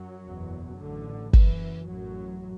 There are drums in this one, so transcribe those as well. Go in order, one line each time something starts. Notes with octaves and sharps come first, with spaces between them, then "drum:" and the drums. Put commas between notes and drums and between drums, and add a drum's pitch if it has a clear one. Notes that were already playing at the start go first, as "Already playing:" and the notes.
Already playing: F#2 F#3
F#1 E2 B2
A1 A2 D3
F#1 F#2 E3, drum: kick
A1 F#2 A2 F#3